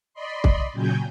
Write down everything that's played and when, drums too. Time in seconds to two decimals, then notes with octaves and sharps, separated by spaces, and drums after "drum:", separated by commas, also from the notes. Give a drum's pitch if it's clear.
0.14 D5 D#5 B5 C6
0.44 drum: kick
0.73 A#2 C#3 F#3 G5 G#5 G6